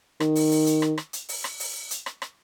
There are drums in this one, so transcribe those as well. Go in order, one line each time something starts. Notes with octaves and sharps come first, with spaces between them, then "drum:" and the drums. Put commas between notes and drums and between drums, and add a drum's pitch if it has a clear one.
D#3, drum: rim click
drum: open hi-hat
drum: open hi-hat
drum: hi-hat
drum: rim click
drum: rim click
drum: hi-hat
drum: open hi-hat
drum: rim click
drum: open hi-hat
drum: hi-hat
drum: rim click
drum: rim click